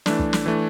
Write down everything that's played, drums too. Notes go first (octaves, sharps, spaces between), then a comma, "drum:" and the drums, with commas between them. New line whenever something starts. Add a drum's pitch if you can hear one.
E3 A3 D4, drum: snare
drum: kick
drum: snare
E3 A3 D4